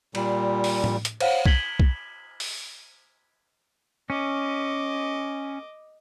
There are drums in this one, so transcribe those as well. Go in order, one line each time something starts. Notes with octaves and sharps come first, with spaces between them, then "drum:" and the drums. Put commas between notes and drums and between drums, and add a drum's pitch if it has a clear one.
A#2 G3, drum: cymbal
drum: open hi-hat
drum: tom A2
drum: hi-hat
C5 C#5 F5 F#5, drum: cymbal
G#6 B6 F#7 G7, drum: kick
drum: kick
drum: open hi-hat
C#4 D#5 D6